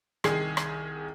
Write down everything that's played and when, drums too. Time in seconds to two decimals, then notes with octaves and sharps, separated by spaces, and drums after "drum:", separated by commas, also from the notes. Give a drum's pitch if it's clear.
0.24 C2 D#3 G#4 C7, drum: rim click
0.57 drum: rim click